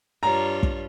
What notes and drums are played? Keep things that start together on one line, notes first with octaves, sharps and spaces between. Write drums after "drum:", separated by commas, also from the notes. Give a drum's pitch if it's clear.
G2 F4 C#5 A#5
drum: kick